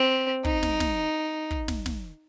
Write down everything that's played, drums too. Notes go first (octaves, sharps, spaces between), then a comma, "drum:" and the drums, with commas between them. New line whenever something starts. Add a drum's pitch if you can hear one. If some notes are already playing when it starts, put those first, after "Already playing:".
Already playing: C4
D#4, drum: kick
drum: snare
drum: snare
drum: kick
drum: snare
drum: snare